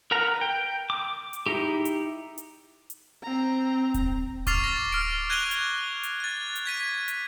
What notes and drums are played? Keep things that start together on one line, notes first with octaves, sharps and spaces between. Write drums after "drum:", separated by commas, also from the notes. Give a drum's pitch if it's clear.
A#4 B4 F#5 A#5
G5
D6
drum: hi-hat
D#4 E4 G4
drum: hi-hat
drum: hi-hat
drum: hi-hat
C4 A#5
drum: kick D1, hi-hat
C#6 D6 F6 A6 C7 F7, drum: kick D1, hi-hat
A#6
F6 D7
F#6 G#6 A#6 D#7 F7 G7
drum: hi-hat
drum: hi-hat
F#6 A6
drum: hi-hat
G#6 B6 D#7
drum: hi-hat